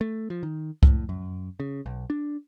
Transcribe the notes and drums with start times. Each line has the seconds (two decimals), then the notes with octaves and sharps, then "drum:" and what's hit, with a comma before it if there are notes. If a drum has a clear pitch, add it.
0.01 A3
0.30 F3
0.43 D#3
0.83 A2, drum: kick C2
1.09 F#2
1.60 C#3
1.86 B1
2.10 D4